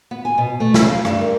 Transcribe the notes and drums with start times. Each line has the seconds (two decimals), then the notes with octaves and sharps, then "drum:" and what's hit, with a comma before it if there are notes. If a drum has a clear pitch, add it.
0.11 B3
0.25 G#5
0.38 B2
0.60 A3
0.74 C#3, drum: snare
0.87 F5
1.05 G2, drum: rim click
1.21 A#4